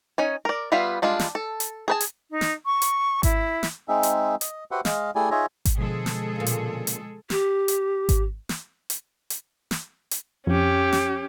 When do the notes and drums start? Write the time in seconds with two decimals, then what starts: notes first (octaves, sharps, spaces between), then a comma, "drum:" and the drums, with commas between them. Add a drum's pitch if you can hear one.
0.18 C#4 D#4 G#5
0.45 A#4 D5
0.72 G3 B3 F4 E5 F5
1.02 G3 G#3 D4 F4
1.19 drum: snare
1.35 A4
1.60 drum: hi-hat
1.88 G#4 B4 A5
2.01 drum: hi-hat
2.30 D#4
2.41 drum: snare
2.65 C#6
2.82 drum: hi-hat
3.23 E4, drum: kick G#1, hi-hat
3.63 drum: snare
3.89 G#3 C4 D#4 G#4 E5
4.03 drum: hi-hat
4.41 D#5, drum: hi-hat
4.71 F#4 G4 B4 C5 E5 F#5
4.85 G#3 D#5 F5, drum: snare
5.15 A3 E4 G4 G#4 D5 G#5
5.31 D#4 F4 G#4 C#5 E5 A#5
5.65 drum: kick G#1, hi-hat
5.78 B2 D3 F3 G#3 G#4 A4
6.06 drum: snare
6.36 A#2 C#3
6.47 drum: hi-hat
6.87 drum: hi-hat
7.30 G4, drum: snare
7.68 drum: hi-hat
8.09 drum: kick G#1, hi-hat
8.49 drum: snare
8.90 drum: hi-hat
9.30 drum: hi-hat
9.71 drum: snare
10.11 drum: hi-hat
10.47 F2 C#4 G4
10.92 drum: snare